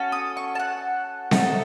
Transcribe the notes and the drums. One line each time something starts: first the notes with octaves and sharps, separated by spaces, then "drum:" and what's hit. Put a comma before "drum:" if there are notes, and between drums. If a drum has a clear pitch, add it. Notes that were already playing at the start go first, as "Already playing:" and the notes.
Already playing: C#4 F#4 A4
D#6
C#6
A5
F#5
A3 D#4 F#4 A4, drum: snare C4